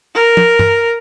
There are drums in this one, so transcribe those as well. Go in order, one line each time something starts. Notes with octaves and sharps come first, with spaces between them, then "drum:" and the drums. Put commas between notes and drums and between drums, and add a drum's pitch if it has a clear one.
A#4
drum: tom
drum: tom